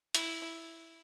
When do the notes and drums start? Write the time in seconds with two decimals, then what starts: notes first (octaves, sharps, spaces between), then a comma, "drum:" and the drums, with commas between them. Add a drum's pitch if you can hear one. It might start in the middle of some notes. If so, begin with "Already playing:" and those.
0.15 E4, drum: hi-hat